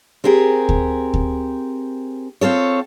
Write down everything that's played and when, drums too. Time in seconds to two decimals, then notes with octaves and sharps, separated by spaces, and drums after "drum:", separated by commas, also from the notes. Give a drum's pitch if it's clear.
0.24 C4 G4 G#4 A#4
0.69 drum: kick D2
1.14 drum: kick D2
2.41 C4 F4 A4 C#5